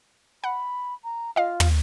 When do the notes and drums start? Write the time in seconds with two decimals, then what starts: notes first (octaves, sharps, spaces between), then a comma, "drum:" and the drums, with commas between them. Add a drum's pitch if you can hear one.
0.44 F#5 B5
1.04 A#5
1.36 F4 D#5 F5
1.60 drum: tom